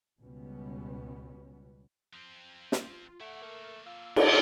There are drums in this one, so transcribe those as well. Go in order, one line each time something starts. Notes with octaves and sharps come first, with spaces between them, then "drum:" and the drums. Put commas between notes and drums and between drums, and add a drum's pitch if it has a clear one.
C#2 B2 G3 B3 C#4
F3 C4
F4, drum: snare
A3 E4 D5 F#5
A#3 A4 A#4
F4 E6
drum: cymbal